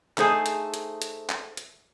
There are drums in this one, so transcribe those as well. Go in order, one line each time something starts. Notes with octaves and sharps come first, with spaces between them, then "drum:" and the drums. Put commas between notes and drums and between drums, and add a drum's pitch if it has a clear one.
A3 D#4 G#4 C5 G#5, drum: clap
drum: hi-hat
drum: hi-hat
drum: hi-hat
drum: clap
drum: hi-hat